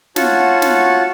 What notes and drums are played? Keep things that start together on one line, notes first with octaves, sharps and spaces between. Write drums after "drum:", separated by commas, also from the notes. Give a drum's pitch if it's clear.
F4 F#4 C#5 F#5 A5, drum: snare
drum: snare